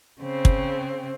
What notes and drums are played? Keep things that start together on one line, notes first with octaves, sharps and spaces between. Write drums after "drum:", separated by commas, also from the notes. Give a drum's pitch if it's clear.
C#3 C4
drum: kick